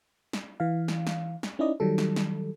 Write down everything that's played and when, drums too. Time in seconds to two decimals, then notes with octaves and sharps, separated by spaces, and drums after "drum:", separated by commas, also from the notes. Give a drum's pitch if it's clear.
0.33 drum: snare
0.60 E3 F5
0.88 drum: snare
1.07 drum: snare
1.43 drum: snare
1.59 C#4 D#4 E4 D5 D#5
1.80 D#3 F#3 G3 A4
1.98 drum: snare
2.16 drum: snare